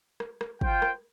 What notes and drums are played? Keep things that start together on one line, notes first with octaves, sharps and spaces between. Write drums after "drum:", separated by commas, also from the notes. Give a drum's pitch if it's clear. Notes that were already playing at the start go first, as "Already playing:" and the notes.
drum: rim click
drum: rim click
F4 C5 G5, drum: kick
drum: rim click